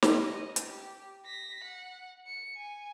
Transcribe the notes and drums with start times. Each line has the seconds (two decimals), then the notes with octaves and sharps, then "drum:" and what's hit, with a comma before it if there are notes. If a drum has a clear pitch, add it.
0.02 drum: snare
0.17 D#5
0.56 drum: hi-hat
0.67 G4
1.25 A#6 B6
1.64 F#5
2.27 C#7
2.56 G#5